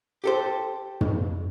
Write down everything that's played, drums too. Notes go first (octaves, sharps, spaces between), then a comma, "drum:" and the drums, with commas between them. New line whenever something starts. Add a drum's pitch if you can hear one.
G4 A4 C5
drum: tom